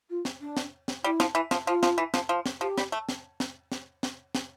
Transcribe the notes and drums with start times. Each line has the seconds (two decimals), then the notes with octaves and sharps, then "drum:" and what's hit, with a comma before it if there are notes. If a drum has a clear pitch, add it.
0.09 F4
0.25 drum: snare
0.41 D4
0.57 drum: snare
0.88 drum: snare
1.03 G3 E4
1.20 F3, drum: snare
1.35 E3
1.51 F3, drum: snare
1.67 F3 F4
1.83 F3, drum: snare
1.98 E3
2.14 F3, drum: snare
2.29 F3
2.46 drum: snare
2.61 F3 G4
2.78 G3, drum: snare
2.92 A3
3.09 drum: snare
3.40 drum: snare
3.72 drum: snare
4.03 drum: snare
4.35 drum: snare